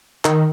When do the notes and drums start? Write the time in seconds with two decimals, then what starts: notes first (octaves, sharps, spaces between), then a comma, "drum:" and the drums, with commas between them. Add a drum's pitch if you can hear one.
0.25 D#3, drum: clap